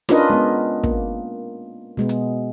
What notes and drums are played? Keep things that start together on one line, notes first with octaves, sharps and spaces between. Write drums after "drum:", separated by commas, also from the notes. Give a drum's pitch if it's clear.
C#4 D4 F4 A#4 B4 D#5, drum: snare D#4
G#3 B3
A#3, drum: kick
B2 G#3 B3
drum: hi-hat